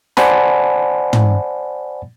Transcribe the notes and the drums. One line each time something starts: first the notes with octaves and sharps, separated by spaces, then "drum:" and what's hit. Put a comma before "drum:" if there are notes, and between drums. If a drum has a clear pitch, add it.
C5 D5 F#5 G#5 A5 B5, drum: snare
drum: tom